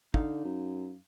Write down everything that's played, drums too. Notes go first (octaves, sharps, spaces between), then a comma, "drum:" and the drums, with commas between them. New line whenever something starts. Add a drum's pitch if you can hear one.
D3 D#4 F5, drum: kick
F#2